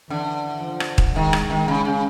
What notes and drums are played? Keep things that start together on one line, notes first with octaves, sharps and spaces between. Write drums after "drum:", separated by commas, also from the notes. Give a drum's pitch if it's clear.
D3 E3
F3
drum: rim click
drum: kick D#1
D#3 G#3
drum: rim click
D#3
C#3
C#3